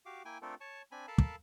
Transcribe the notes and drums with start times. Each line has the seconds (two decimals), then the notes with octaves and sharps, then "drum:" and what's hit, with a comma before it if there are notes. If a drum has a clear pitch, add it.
0.06 F#4 G4 F5 D6
0.25 A#3 E4 G5 G#5
0.42 A3 C4 D4 F4 A4 A#4
0.61 C#5 A5 C#6
0.92 C4 D4 G#5 B5
1.08 A4 A#4 F5 A5 B5
1.18 drum: kick